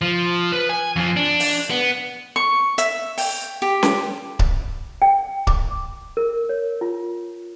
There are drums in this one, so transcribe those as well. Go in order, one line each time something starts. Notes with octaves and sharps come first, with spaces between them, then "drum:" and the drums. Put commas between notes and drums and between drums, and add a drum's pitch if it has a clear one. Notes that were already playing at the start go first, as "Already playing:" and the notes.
F3
B4
G#5
F2 F3
D4
drum: open hi-hat
B3
C#6
E5, drum: hi-hat
G5, drum: open hi-hat
G4
drum: snare C#4
drum: kick C#1
G5
D6, drum: kick C#1
A#4
C#5
F4